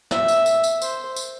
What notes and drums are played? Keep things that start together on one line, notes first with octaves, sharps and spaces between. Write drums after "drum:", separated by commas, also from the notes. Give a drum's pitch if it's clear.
E5, drum: snare
drum: tambourine
drum: tambourine
drum: tambourine
C5, drum: tambourine
drum: tambourine